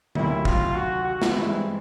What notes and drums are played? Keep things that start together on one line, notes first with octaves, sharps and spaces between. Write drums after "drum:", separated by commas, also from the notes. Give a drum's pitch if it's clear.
D2 C3 D#3 F#3 A#3 E4, drum: tom D3
F4, drum: kick
F#4
F#4
drum: snare
G2 E3 G#3 C4 E4